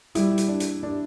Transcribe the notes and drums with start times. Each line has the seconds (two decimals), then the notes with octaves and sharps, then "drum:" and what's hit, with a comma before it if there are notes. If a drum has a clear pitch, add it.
0.15 G3 E4, drum: hi-hat
0.38 drum: hi-hat
0.48 D4
0.60 drum: hi-hat
0.83 D4